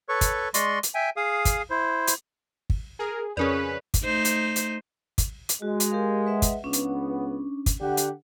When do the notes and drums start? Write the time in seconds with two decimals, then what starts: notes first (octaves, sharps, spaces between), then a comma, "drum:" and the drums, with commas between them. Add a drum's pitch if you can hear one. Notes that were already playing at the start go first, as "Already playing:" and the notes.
0.09 A4 B4 C#5 C#6
0.21 drum: kick, hi-hat
0.54 G#3 D5 D#5 C6 C#6, drum: hi-hat
0.83 drum: hi-hat
0.95 E5 G5 G#5
1.17 G#4 F5 D#6
1.45 drum: kick, hi-hat
1.70 E4 C5
2.07 drum: hi-hat
2.70 drum: kick
2.99 G#4 A#4
3.37 F2 C#3 C#4 G#4 A#4 B4 D5
3.94 drum: kick, hi-hat
4.03 A3 D#4 C5
4.25 drum: hi-hat
4.56 drum: hi-hat
5.18 drum: kick, hi-hat
5.49 drum: hi-hat
5.62 G#3 F#4
5.80 drum: hi-hat
5.91 G4 A#4 F5
6.27 B4 E5 F#5
6.42 drum: kick, hi-hat
6.64 C#2 B3 C#4 D4
6.73 drum: hi-hat
7.66 drum: kick, hi-hat
7.80 D3 G4 F#5
7.97 drum: hi-hat